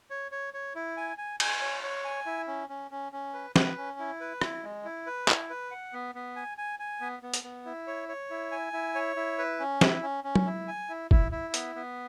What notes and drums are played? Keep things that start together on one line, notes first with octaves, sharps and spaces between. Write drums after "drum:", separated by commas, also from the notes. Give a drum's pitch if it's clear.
C#5
C#5
C#5
E4
G#5
G#5
G#5, drum: cymbal
C#5
C#5
G#5
E4
C#4
C#4
C#4
C#4
B4
B4, drum: snare
C#4
E4
B4
E4, drum: rim click
G#3
E4
B4
E4, drum: clap
B4
F#5
B3
B3
G#5
G#5
G#5
B3
B3
drum: hi-hat
B3
E4
C#5
C#5
E4
G#5
E4
C#5
E4
B4
C#4
E4, drum: snare
C#4
C#4
drum: tom F#3
E4
G#5
E4
E4, drum: kick
E4
B3, drum: hi-hat
B3